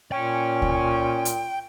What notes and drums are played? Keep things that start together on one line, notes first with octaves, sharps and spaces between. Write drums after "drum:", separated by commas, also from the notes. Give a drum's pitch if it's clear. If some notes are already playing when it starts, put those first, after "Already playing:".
A#2 C#4 G5
drum: kick C#2
drum: hi-hat